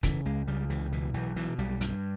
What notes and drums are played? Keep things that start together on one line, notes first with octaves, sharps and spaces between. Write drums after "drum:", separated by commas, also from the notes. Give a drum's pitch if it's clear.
C#3 E3, drum: kick, hi-hat
C#2 G#3
C#3 G3
C#2 E3
B2 E3
B1 E3
B2 E3
B1 G3
G2, drum: hi-hat